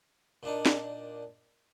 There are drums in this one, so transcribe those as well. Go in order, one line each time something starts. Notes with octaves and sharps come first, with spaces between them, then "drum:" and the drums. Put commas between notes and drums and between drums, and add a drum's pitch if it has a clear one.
A#2 D4 D#4
drum: snare